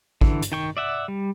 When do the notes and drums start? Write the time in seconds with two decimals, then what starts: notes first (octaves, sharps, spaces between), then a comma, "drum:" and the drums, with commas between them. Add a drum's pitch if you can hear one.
0.21 D3 E3, drum: kick
0.42 drum: hi-hat
0.52 D#3 G5 C#6
0.77 D5 E5 F#5
1.08 G3